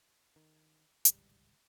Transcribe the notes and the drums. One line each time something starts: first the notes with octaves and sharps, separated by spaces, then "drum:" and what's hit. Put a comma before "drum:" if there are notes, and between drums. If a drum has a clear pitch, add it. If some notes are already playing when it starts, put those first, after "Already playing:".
D#3
D1 G#1 C#2 G3, drum: hi-hat